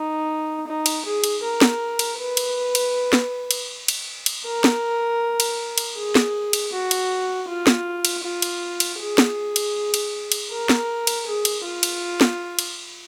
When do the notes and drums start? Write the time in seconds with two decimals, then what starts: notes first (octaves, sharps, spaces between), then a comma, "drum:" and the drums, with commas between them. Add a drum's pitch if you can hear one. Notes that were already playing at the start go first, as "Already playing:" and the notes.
Already playing: D#4
0.67 D#4
0.86 drum: cymbal
1.05 G#4
1.24 drum: cymbal
1.43 A#4
1.61 drum: snare
1.99 drum: cymbal
2.19 B4
2.37 drum: cymbal
2.75 drum: cymbal
3.13 drum: snare
3.51 drum: cymbal
3.88 drum: cymbal
4.26 drum: cymbal
4.46 A#4
4.64 drum: snare
5.40 drum: cymbal
5.78 drum: cymbal
5.96 G#4
6.15 drum: snare
6.53 drum: cymbal
6.72 F#4
6.91 drum: cymbal
7.48 F4
7.67 drum: snare
8.05 drum: cymbal
8.23 F4
8.42 drum: cymbal
8.80 drum: cymbal
8.99 G#4
9.18 drum: snare
9.56 drum: cymbal
9.94 drum: cymbal
10.32 drum: cymbal
10.50 A#4
10.69 drum: snare
11.07 drum: cymbal
11.26 G#4
11.45 drum: cymbal
11.64 F4
11.83 drum: cymbal
12.21 drum: snare
12.59 drum: cymbal